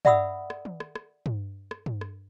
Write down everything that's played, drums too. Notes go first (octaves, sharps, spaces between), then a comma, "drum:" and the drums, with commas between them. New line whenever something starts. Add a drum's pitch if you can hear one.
D5 E5 F#5 B5 D#6 E6, drum: tom
drum: rim click
drum: tom
drum: rim click
drum: rim click
drum: tom
drum: rim click
drum: tom
drum: rim click